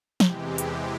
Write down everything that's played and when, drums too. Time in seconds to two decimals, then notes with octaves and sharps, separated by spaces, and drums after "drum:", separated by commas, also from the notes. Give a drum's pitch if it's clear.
0.20 E2 C3 E3 G#3 G4, drum: snare F3
0.58 drum: hi-hat